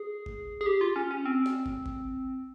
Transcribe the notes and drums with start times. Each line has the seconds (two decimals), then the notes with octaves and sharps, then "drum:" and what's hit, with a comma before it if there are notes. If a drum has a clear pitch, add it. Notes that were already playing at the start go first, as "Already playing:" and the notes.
Already playing: G#4
0.26 drum: kick
0.61 G#4
0.66 G4
0.81 F4
0.96 C#4
1.11 C#4
1.25 C4
1.46 drum: snare
1.66 drum: kick
1.86 drum: kick